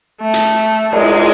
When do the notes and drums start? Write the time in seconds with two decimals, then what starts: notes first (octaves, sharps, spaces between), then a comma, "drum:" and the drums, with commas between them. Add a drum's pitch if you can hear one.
0.21 A3
0.34 drum: hi-hat
0.93 G#3, drum: cymbal